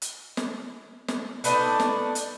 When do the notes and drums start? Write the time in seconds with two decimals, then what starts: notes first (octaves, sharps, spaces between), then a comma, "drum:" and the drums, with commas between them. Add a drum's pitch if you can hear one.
0.02 drum: hi-hat
0.37 drum: snare
1.08 drum: snare
1.44 A3 B3 D4 D#4, drum: hi-hat
1.80 drum: snare
2.15 drum: hi-hat